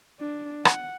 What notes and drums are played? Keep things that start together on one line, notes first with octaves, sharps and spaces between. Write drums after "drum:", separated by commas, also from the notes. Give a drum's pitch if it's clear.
D4
F#5, drum: rim click